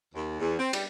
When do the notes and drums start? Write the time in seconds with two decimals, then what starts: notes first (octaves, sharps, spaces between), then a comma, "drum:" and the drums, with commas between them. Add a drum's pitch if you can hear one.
0.15 D#2
0.40 E2
0.59 C4
0.73 G3, drum: cymbal